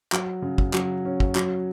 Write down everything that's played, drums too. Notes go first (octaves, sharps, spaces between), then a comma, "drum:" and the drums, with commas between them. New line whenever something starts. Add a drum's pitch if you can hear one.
F#3, drum: clap
C#3
drum: kick
F#3, drum: clap
C#4
drum: kick
F#3, drum: clap